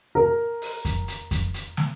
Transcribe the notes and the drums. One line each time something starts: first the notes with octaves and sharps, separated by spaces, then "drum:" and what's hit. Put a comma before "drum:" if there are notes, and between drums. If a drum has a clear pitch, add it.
A#4
drum: open hi-hat
drum: kick F2, hi-hat
drum: hi-hat
drum: kick F2, hi-hat
drum: hi-hat
drum: snare